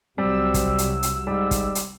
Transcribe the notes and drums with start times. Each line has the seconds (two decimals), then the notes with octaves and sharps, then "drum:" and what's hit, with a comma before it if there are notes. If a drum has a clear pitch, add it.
0.18 C2 C3 F#3 G3 C4 E6
0.54 drum: kick, hi-hat
0.78 drum: hi-hat
1.03 drum: hi-hat
1.27 G#2 G3
1.51 drum: kick, hi-hat
1.75 drum: hi-hat